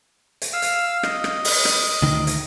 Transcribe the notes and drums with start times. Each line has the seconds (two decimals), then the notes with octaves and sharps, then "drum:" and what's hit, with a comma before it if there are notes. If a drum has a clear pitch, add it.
0.42 drum: hi-hat
0.53 F5 E6
0.62 drum: hi-hat
1.03 D#5, drum: rim click
1.24 drum: rim click
1.45 drum: open hi-hat
1.65 drum: rim click
2.03 D2 D#3
2.27 drum: hi-hat